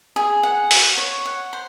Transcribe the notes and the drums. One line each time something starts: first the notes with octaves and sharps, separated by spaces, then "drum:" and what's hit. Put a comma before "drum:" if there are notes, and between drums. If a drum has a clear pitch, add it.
G#4
F#5
F#5, drum: open hi-hat
C#5
F#5
C5